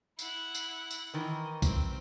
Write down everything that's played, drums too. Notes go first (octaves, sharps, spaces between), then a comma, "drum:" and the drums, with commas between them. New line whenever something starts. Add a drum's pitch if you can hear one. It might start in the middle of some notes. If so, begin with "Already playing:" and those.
E4 F#5, drum: tambourine
drum: tambourine
drum: tambourine
D#3 E3 D#5
C4, drum: kick B1, tambourine